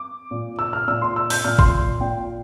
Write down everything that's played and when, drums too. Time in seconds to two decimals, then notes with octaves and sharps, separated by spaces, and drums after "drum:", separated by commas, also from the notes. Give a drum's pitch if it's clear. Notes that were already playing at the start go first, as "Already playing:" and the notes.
Already playing: D6
0.31 A#2
0.59 E6
0.73 F6
0.88 A#2 E6
1.02 C6
1.16 E6
1.30 G6, drum: open hi-hat
1.44 A#2 F6
1.59 C6, drum: kick G#1
2.01 A#2 G5